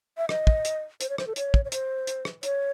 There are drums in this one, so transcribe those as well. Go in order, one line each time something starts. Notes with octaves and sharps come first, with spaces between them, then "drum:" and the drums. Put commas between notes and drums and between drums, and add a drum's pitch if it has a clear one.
E5
D#5, drum: rim click
drum: kick
drum: hi-hat
C5, drum: hi-hat
C#5
C5, drum: rim click
A4
C#5, drum: hi-hat
drum: kick
C#5
C5, drum: hi-hat
drum: hi-hat
drum: rim click
C#5, drum: hi-hat